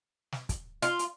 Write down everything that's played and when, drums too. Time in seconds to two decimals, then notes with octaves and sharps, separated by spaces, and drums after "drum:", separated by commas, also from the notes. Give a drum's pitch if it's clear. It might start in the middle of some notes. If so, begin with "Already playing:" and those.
0.32 drum: snare
0.49 drum: kick, hi-hat
0.82 F4, drum: hi-hat
0.99 drum: hi-hat